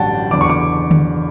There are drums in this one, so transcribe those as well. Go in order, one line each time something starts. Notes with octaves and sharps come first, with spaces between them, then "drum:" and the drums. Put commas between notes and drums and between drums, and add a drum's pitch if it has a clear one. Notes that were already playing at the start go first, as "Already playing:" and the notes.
Already playing: A1 G2 D3 F#3 F#5 G5 A5
F#1 E2 D3 D6
C#6
D6
drum: tom D3